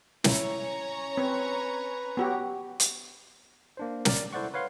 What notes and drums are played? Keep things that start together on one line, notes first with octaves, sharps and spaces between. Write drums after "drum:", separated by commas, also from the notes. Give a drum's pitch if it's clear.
C#4 E4 C#5 A#5, drum: snare
C4 B4
B3 F#4 G4
drum: hi-hat
A#3 D4 C5
A#4 D5, drum: snare
E4 A4 C5 D5 F#5 C#6
B4 C#5 F5 F#5 C6